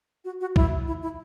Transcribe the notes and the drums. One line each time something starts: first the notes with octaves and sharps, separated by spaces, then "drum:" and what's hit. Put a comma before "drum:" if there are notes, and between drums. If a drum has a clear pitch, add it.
F#4
F#4
E4, drum: kick B1
E4
E4